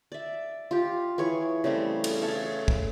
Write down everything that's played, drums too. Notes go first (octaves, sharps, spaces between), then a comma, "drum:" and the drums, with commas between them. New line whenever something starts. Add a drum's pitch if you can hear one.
D5 E5
F4 G4
E3 G#4 C#5
C#3 G3 A3 C4
drum: cymbal
A4 C#5 E5 F5
drum: kick